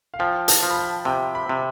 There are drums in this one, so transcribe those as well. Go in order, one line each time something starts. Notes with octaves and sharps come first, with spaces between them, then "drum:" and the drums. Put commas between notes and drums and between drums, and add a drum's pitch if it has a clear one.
F5
F3 G5
A5, drum: hi-hat
F3
B5
A5
C3 G5
B5
C3